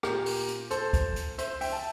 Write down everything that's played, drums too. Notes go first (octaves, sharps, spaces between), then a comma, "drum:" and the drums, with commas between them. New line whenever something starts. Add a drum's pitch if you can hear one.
A#2 G4 A#4, drum: rim click
drum: open hi-hat
drum: hi-hat
A4 C5, drum: hi-hat
drum: kick C#2, hi-hat
drum: hi-hat
C5 E5, drum: hi-hat
E5 G5, drum: open hi-hat
A5